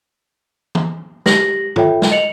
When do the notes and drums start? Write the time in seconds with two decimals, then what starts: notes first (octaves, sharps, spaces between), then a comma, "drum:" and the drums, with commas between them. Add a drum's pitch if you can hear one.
0.75 drum: tom
1.26 G4 A#6 F#7, drum: snare
1.76 F4 A4 C#5 E5 G5, drum: tom
2.02 drum: snare
2.11 D#5 C#7 F7 F#7